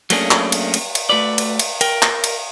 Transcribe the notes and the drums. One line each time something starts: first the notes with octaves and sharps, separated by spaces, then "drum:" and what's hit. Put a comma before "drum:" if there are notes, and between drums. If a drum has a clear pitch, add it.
F#3 A3 A#3 C#4 D4 G#4, drum: cymbal
drum: clap
drum: cymbal
drum: cymbal
drum: cymbal
A3 F#4 B4 D5
drum: cymbal
drum: cymbal
A#4 G5, drum: cymbal
drum: clap
drum: cymbal